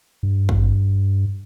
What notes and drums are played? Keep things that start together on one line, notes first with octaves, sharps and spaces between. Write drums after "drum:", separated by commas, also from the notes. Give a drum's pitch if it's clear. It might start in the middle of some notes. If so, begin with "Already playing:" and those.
G2
drum: kick G#1